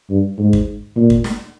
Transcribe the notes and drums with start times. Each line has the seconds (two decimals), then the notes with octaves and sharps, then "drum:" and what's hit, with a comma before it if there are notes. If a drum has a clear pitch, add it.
0.10 G2
0.39 G#2
0.53 drum: kick
0.96 A#2
1.10 drum: kick
1.24 drum: snare